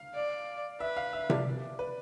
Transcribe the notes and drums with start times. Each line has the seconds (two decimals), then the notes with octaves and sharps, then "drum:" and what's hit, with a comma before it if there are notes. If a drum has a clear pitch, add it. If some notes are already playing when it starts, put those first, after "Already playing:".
Already playing: F5
0.15 D5
0.80 B4 E5
0.97 F5
1.13 E5
1.30 D5, drum: tom C3
1.79 B4